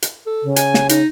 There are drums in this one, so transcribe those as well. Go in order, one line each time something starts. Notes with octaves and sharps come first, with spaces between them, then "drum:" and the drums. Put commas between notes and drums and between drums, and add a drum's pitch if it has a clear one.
drum: hi-hat
A4
C#3
G#5, drum: hi-hat
drum: snare
D#4, drum: hi-hat